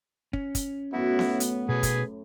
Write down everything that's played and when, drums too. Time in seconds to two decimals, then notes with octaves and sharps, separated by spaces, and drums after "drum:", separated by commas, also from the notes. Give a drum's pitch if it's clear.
0.33 C#4, drum: kick
0.55 drum: kick, hi-hat
0.93 F#2 A2 B3 E4 F#4
1.19 drum: snare B3
1.40 drum: hi-hat
1.69 B2 F#4 G#4 B4
1.83 drum: kick, hi-hat